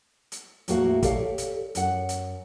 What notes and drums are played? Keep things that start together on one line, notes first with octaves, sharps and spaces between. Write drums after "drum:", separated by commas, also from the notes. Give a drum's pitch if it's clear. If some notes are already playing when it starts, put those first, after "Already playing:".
drum: hi-hat
E2 A2 A3 A#3 F#4 F5, drum: hi-hat
G4 A4 A#4 C#5 D5 F5, drum: kick, hi-hat
drum: hi-hat
F#2 F#5, drum: hi-hat
drum: hi-hat